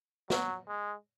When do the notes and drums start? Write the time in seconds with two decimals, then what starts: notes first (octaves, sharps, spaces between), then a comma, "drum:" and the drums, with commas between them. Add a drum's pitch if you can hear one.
0.30 F#3, drum: snare
0.68 G#3